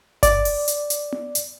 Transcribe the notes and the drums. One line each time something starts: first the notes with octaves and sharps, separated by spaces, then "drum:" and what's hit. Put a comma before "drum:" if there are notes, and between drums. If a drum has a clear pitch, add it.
D5, drum: kick G1, hi-hat
drum: open hi-hat
drum: hi-hat
drum: hi-hat
drum: tom B3
drum: hi-hat